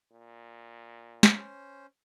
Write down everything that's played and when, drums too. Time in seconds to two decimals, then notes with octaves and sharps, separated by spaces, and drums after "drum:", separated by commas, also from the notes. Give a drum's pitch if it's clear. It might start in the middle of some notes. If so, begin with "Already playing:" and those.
0.12 A#2
1.23 C#4 C5, drum: snare